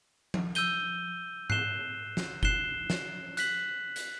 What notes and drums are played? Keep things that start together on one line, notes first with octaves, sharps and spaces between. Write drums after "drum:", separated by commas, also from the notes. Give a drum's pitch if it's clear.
drum: tom F3
E6 G6 D#7 G7, drum: hi-hat
F#6 C7 E7 G7, drum: tom G#2
drum: snare
F#6 C7 E7 G7, drum: kick F#1
drum: snare
F#6 B6 F#7, drum: hi-hat
drum: hi-hat